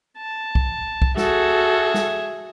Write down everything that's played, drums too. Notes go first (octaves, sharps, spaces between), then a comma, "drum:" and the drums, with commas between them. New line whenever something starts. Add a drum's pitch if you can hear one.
A5
drum: kick
drum: kick
F#4 G#4 A4 E5, drum: snare
drum: snare